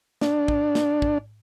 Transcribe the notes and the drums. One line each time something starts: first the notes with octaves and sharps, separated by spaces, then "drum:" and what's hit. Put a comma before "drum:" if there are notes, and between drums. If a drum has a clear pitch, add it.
D4, drum: snare
drum: kick
drum: snare
drum: kick